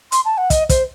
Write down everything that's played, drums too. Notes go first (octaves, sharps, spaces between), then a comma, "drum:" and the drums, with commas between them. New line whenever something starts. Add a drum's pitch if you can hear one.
C6, drum: hi-hat
A5
F#5
D#5, drum: kick, hi-hat
C5, drum: kick, hi-hat